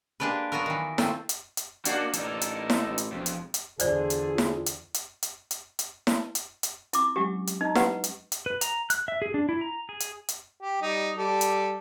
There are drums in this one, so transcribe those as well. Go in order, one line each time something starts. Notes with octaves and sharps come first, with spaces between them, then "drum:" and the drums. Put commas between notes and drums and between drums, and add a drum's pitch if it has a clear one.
G#3 A#3 D4 G4 B4
F#3 B3 F4 F#4 A#4
D#3 E3
D#3 F#3 C4 F4 A4 C5, drum: snare E4
drum: hi-hat
drum: hi-hat
A#3 D4 D#4 F#4, drum: hi-hat
A1 A#3 D#4 A4, drum: hi-hat
drum: hi-hat
drum: snare E4
A1
drum: hi-hat
E1 F2
drum: hi-hat
drum: hi-hat
E2 D3 F4 G#4 C5 D5, drum: hi-hat
drum: hi-hat
drum: snare E4
drum: hi-hat
drum: hi-hat
drum: hi-hat
drum: hi-hat
drum: hi-hat
drum: snare E4
drum: hi-hat
drum: hi-hat
C4 E4 D6, drum: hi-hat
F#3 G#3 C#4 G4
drum: hi-hat
D#4 D#5 A5 A#5
G4 B4 F#5, drum: snare E4
drum: hi-hat
drum: hi-hat
B4
A#5, drum: hi-hat
F#6, drum: hi-hat
E5
G#4
D4
E4
A#5
G#4
drum: hi-hat
drum: hi-hat
G4
G3 D#4
G3 A4
drum: hi-hat